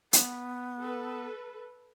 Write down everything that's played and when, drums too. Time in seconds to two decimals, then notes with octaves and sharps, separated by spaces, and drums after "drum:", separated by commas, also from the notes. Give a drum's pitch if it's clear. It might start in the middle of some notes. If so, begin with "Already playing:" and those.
0.13 B3, drum: hi-hat
0.79 A4 B4